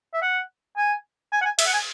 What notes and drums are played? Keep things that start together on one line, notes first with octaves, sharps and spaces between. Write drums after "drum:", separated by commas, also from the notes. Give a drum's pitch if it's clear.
E5
F#5
G#5
G#5
F#5
G#5
E5, drum: cymbal
F#5
G#5